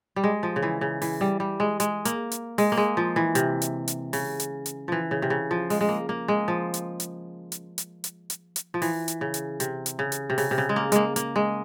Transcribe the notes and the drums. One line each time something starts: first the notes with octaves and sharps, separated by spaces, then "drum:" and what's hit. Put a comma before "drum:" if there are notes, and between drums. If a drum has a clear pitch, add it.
G3
G#3
F3
C#3
E3
C#3
E3, drum: open hi-hat
G3
G3
G#3
G#3, drum: hi-hat
A#3, drum: hi-hat
drum: hi-hat
G#3, drum: open hi-hat
A#3
G#3
F3
E3
C3, drum: hi-hat
drum: hi-hat
drum: hi-hat
C#3, drum: open hi-hat
drum: hi-hat
drum: hi-hat
E3 F3
C#3
C3
C#3
F3
G#3, drum: open hi-hat
G#3
A#3
A#3
G#3
F3
drum: hi-hat
drum: hi-hat
drum: hi-hat
drum: hi-hat
drum: hi-hat
drum: hi-hat
drum: hi-hat
F3
E3, drum: open hi-hat
drum: hi-hat
C#3
drum: hi-hat
C3, drum: hi-hat
drum: hi-hat
C#3
drum: hi-hat
C3
C#3, drum: open hi-hat
C3
C#3
G#3
A#3
G#3 A#3, drum: hi-hat
A#3, drum: hi-hat
G#3